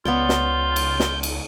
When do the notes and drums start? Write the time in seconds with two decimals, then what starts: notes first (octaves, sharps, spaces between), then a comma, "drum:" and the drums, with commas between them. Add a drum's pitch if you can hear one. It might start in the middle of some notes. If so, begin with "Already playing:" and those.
0.05 C#2 B3 F4 C#5 D5 G6
0.29 drum: snare
0.76 drum: cymbal
1.00 drum: snare
1.23 drum: cymbal